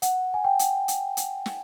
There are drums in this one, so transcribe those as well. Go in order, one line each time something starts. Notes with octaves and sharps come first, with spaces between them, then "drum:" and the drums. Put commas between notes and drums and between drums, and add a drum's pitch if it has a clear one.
F#5, drum: hi-hat
G#5
G5
drum: hi-hat
drum: hi-hat
drum: hi-hat
drum: snare